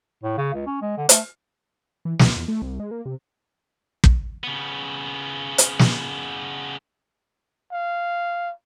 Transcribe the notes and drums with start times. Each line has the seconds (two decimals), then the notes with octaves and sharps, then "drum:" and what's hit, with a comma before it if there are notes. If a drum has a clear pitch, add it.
0.24 A2
0.38 C#3
0.54 C#2
0.66 C#4
0.82 G#3
0.98 D3
1.09 A3, drum: hi-hat
2.05 E3
2.19 C#2, drum: snare
2.37 E2
2.48 A3
2.62 C2
2.80 G#3
2.91 A#3
3.06 C3
4.04 drum: kick
4.44 C#3 B3
5.58 drum: hi-hat
5.79 drum: snare
7.72 F5